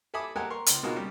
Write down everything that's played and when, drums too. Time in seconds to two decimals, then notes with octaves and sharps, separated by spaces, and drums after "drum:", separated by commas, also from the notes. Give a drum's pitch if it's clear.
0.14 A4 E5 G#5 B5 D6 D#6
0.36 G#3 G4 A4 A#4 F#5 G#5
0.50 A#4 C6 C#6
0.66 C#2 C6, drum: hi-hat
0.83 B2 G#3 A#3 D#4 F4 F#4
0.96 C#3 G3